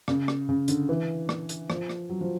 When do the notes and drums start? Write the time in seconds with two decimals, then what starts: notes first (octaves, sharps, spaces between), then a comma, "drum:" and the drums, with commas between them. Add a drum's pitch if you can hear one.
0.08 C#3, drum: rim click
0.28 drum: rim click
0.49 C#3
0.68 D3, drum: hi-hat
0.89 E3
1.29 drum: rim click
1.49 drum: hi-hat
1.70 F3, drum: rim click
1.89 drum: rim click
2.10 F#3
2.21 F3